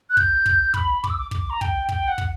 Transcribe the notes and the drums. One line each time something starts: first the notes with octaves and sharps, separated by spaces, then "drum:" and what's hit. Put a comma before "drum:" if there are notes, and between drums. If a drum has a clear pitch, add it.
F#6
G6, drum: kick
drum: kick
B5, drum: kick
D6, drum: kick
E6
D6
D6, drum: kick
A#5
G5, drum: kick
G5, drum: kick
F#5
drum: kick